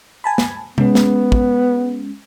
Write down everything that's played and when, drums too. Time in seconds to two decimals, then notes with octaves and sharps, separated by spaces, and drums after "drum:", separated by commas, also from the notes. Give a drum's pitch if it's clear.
0.24 G#5 A5 B5
0.38 drum: snare
0.78 G#3 B3 C#4, drum: tom C3
0.95 drum: snare
1.32 drum: kick